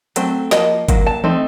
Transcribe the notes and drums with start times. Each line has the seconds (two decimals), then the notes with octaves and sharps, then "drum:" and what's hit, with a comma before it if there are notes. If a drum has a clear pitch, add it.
0.16 F#3 A3 C4, drum: hi-hat
0.51 F3 A#3 D#5, drum: snare
0.89 F#3 A#3, drum: kick G1, hi-hat
1.07 A5
1.24 A3 C4 D#4, drum: tom E3